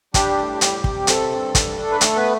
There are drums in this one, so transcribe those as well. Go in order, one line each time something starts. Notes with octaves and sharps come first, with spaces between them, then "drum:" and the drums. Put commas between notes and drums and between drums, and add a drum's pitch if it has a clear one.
G3 D4 G4, drum: kick, hi-hat
A2
G3, drum: hi-hat
C3, drum: kick
A3 C4 A4, drum: hi-hat
G2
G3, drum: kick, hi-hat
D4
B4
A3 A4, drum: hi-hat
B3 B4